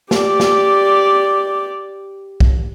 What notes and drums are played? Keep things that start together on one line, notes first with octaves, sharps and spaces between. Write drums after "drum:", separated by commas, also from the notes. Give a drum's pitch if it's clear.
G4 D5, drum: snare
drum: snare
drum: kick